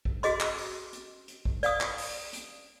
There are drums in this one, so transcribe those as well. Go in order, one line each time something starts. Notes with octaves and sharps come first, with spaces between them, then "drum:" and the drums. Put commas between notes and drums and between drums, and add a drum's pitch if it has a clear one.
drum: kick
F#4 G#4 D#5 C6, drum: hi-hat
drum: clap
drum: open hi-hat
drum: hi-hat
drum: hi-hat
drum: kick
D5 F5 D#6, drum: hi-hat
drum: clap
drum: open hi-hat
drum: hi-hat